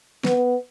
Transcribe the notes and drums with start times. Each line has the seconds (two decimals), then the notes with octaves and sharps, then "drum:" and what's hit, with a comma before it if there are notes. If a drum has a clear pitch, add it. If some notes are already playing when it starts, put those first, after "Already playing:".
0.24 B3, drum: snare